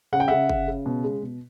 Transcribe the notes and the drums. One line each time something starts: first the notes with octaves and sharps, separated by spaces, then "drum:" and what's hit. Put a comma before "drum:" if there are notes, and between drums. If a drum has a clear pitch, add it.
C#3 F#5
G5
C#3 E5 F#5
C#3, drum: kick F#1
C#3
B2
G#3
B2